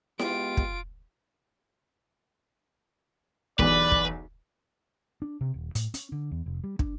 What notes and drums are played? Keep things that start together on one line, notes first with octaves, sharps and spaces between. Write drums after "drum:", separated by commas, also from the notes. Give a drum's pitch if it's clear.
G#3 B3 F4 G4 D7, drum: snare E4
drum: kick
B1 E2 B4 D5, drum: kick
drum: kick
D4
C3
D#1
A2, drum: hi-hat
C#4, drum: hi-hat
D3
E2
F1
G3
D4, drum: kick